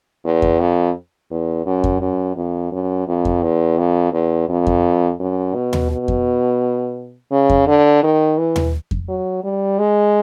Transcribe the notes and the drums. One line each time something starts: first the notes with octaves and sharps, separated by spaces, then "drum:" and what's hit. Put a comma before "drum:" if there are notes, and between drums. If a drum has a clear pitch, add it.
E2
drum: kick F2
F2
E2
F#2
drum: kick F2
F#2
F2
F#2
F2
drum: kick F2
E2
F2
E2
F2
drum: kick F2
F#2
B2
drum: tom D#2
B2
drum: kick F2
C#3
drum: kick F2
D3
D#3
E3
drum: tom D#2
drum: kick F2
F#3
G3
G#3